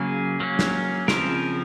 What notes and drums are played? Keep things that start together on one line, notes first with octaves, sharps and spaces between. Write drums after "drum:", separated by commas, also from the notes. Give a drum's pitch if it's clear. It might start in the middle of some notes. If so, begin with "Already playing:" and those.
Already playing: C#3 F#3 A#3 G#4
F#3 A#3 C#4
drum: snare
C#3 F3 C4 A#4, drum: snare